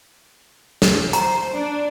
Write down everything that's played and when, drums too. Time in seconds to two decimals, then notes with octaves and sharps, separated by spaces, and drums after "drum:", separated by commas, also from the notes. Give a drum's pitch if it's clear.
0.82 drum: snare
1.13 C5 A#5, drum: hi-hat
1.54 D4